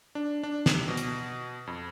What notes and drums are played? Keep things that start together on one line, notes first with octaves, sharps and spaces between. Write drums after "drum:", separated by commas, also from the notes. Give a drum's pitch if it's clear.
D4
D4
C3, drum: snare
B2
drum: hi-hat
F2